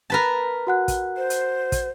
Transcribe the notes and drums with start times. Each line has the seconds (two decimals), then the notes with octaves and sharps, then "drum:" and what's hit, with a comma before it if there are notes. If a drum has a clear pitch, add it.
0.10 A#4 B4 A5
0.67 F#4 F#5 F#6
0.88 drum: kick, hi-hat
1.17 C5
1.30 drum: hi-hat
1.72 drum: kick, hi-hat